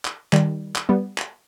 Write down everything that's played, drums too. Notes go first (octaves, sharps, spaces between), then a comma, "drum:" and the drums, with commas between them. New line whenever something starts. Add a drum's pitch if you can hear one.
drum: clap
D#3 G3, drum: clap
drum: clap
G3 B3
drum: clap